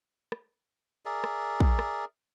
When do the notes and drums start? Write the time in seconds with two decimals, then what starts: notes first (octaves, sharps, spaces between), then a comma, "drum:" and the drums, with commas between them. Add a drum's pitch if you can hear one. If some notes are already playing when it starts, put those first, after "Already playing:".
0.32 drum: rim click
1.05 G#4 A#4 D5 E5
1.24 drum: rim click
1.60 drum: kick
1.79 drum: rim click